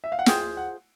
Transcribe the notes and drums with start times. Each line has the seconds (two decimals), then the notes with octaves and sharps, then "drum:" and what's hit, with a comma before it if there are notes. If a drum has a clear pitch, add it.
0.04 E5
0.12 F5
0.19 F#5
0.26 F4 G#4 C5 G5, drum: snare
0.57 F#5